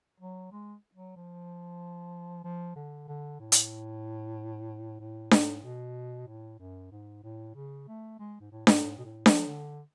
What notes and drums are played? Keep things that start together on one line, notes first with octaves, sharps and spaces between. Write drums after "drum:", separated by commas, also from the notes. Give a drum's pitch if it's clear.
F#3
G#3
F#3
F3
F3
D3
D3
A2
drum: hi-hat
A2
G#2, drum: snare D4
B2
A2
F#2
G#2
A2
C#3
A3
G#3
G#2
A2
G#2, drum: snare D4
G#2
B2
A2
F3, drum: snare D4
D3